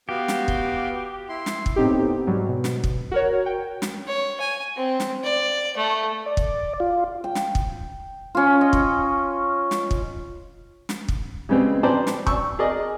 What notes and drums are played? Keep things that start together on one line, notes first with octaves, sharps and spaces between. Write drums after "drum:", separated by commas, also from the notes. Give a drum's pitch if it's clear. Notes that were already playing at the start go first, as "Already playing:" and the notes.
B3 F#4 G4 F5
drum: snare
drum: kick
E4 C6
drum: snare
drum: kick
A2 B3 C4 D#4 G4
G#2 F#3 G3
B2
drum: snare
drum: kick
F#4 A#4 C#5
G5
drum: snare
C#5
G#5
C4
drum: snare
D5
A3
D5
drum: kick
F4
G5
drum: snare
drum: kick
C#4 F4
D#5
drum: kick
drum: snare
drum: kick
drum: snare
drum: kick
C#3 G3 G#3 B3 C4
B4 C5 D5 G5 A5 A#5
drum: snare
C#6 E6, drum: kick
G#4 A#4 D5 D#5